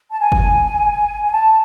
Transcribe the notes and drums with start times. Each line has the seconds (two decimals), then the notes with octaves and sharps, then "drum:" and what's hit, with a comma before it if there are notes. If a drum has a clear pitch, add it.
0.11 A5
0.21 G#5
0.32 drum: kick
1.25 G#5
1.31 A5